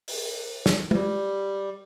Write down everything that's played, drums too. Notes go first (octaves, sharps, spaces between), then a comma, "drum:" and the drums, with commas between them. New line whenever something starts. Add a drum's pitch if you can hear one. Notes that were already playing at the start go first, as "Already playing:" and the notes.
drum: open hi-hat
drum: snare
G3, drum: tom G#3